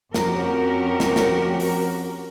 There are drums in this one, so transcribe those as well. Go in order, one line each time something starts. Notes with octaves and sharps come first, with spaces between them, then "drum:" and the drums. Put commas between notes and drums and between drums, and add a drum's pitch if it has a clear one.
F2 C#4 F#4 G4 A#4, drum: snare
drum: snare
drum: snare
drum: open hi-hat